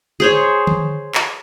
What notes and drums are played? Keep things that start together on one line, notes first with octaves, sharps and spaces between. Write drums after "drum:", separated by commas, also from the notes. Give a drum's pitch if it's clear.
G#4 C5 C#5
drum: tom D3
drum: clap